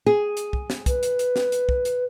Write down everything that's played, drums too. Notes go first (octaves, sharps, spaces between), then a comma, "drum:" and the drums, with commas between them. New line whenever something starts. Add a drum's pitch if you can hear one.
G#4
drum: hi-hat
drum: kick
drum: snare
B4, drum: kick, hi-hat
drum: hi-hat
drum: hi-hat
drum: snare
drum: hi-hat
drum: kick
drum: hi-hat